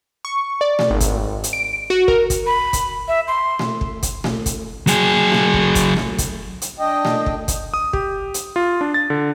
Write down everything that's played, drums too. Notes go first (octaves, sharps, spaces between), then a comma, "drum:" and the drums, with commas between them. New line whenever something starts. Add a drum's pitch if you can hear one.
C#6
D5
drum: snare A3
G#1
drum: kick, hi-hat
drum: hi-hat
D7
F#4
A#4, drum: kick
drum: kick, hi-hat
B5
drum: kick, hi-hat
E5
C6
drum: snare A3
drum: kick
drum: kick, hi-hat
drum: snare A3
drum: kick, hi-hat
F#3 G#4, drum: hi-hat
drum: snare A3
drum: kick
drum: kick, hi-hat
drum: snare A3
drum: kick, hi-hat
drum: hi-hat
D4 D#5 G5 D#6
drum: snare A3
drum: kick
drum: kick, hi-hat
D#6
G4, drum: kick
drum: hi-hat
F4
D4
A6
D3